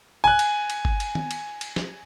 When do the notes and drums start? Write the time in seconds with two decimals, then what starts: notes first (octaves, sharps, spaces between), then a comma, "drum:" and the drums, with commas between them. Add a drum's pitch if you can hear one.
0.24 G#5 F#6
0.39 drum: cymbal
0.70 drum: cymbal
0.85 drum: kick G1
1.00 drum: cymbal
1.15 drum: tom
1.31 drum: cymbal
1.61 drum: cymbal
1.76 drum: snare